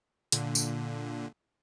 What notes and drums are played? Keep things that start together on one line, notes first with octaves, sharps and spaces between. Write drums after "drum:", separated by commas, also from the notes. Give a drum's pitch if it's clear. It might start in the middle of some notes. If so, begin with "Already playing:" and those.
A#2 D3, drum: hi-hat
drum: tambourine